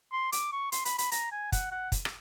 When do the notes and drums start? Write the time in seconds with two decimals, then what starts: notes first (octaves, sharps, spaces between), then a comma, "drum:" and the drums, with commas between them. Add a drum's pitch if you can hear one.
0.12 C6
0.32 D6, drum: hi-hat
0.52 C#6
0.72 C6, drum: hi-hat
0.85 B5, drum: hi-hat
0.98 B5, drum: hi-hat
1.12 A#5, drum: hi-hat
1.32 G#5
1.52 F#5, drum: kick, hi-hat
1.71 F#5
1.92 drum: kick, hi-hat
2.05 drum: rim click